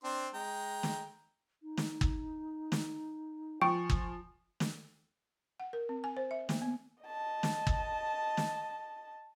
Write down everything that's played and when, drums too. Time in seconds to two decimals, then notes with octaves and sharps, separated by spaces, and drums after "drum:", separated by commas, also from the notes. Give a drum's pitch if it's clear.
0.04 C4 D4 C6
0.34 G#3 G5 A#5
0.83 drum: snare
1.63 D#4
1.77 drum: snare
2.01 drum: kick
2.72 drum: snare
3.62 F3 G5 G#5 C#6
3.90 drum: kick
4.60 drum: snare
5.60 F#5
5.73 A#4
5.89 C4
6.04 G#5
6.17 C5
6.31 E5
6.49 A#3, drum: snare
6.62 B3
7.04 D#5 A5
7.43 drum: snare
7.67 drum: kick
8.37 drum: snare